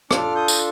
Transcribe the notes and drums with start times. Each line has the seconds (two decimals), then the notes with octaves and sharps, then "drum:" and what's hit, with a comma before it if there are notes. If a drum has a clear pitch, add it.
0.11 D4 F4 A4 D6 F6, drum: rim click
0.35 D#6 G6
0.48 drum: tambourine